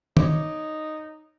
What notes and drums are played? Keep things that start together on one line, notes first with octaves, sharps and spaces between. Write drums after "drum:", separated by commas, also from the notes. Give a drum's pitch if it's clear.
D#4 C#5 D6, drum: tom